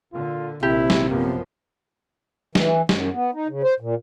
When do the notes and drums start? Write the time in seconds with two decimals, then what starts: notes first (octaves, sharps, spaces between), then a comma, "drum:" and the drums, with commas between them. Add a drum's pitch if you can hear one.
0.14 A#2 D3 F4
0.63 A#1 C3 D#3 E4 G4
0.90 drum: snare
1.10 F#2 F3 A#3 B3
2.55 E3, drum: snare
2.89 F#2, drum: snare
3.13 B3
3.34 D#4
3.48 C#3
3.63 C5
3.80 A#2